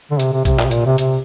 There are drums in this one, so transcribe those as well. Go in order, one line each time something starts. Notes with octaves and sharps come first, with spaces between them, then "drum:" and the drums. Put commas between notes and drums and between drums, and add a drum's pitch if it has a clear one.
D3
C3, drum: hi-hat
C3
C3, drum: kick B1, hi-hat
A#2, drum: clap
C3
A#2, drum: hi-hat
C3
C3, drum: hi-hat